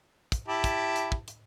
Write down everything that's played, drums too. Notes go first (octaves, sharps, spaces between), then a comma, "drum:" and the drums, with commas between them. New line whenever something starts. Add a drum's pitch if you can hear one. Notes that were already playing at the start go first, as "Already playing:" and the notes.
drum: kick, hi-hat
E4 G4 A5
drum: kick, hi-hat
drum: hi-hat
drum: kick
drum: hi-hat